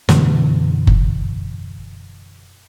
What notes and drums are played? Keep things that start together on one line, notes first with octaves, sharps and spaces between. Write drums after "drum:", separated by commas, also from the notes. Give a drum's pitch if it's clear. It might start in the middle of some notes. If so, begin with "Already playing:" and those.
F#2 B2 D3 E3, drum: snare
drum: kick F#1